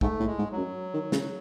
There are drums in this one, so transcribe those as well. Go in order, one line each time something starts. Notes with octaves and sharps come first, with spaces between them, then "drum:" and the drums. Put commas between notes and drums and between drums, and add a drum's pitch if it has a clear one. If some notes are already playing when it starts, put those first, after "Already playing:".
G#2 A3, drum: kick
A2
G#3
G#2
F#3
F#2
D#3
C#3, drum: snare